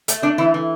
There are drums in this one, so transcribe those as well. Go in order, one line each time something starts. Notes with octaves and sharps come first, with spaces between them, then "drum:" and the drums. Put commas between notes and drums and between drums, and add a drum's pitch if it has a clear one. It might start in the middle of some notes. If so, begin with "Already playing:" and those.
A3, drum: hi-hat
A3 D4
E3 E4
E3